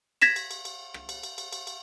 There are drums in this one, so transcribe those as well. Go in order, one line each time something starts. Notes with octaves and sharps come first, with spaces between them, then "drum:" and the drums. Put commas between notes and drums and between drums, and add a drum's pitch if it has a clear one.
G#6 A#6 B6 E7, drum: cymbal
drum: cymbal
drum: cymbal
drum: cymbal
drum: rim click
drum: cymbal
drum: cymbal
drum: cymbal
drum: cymbal
drum: cymbal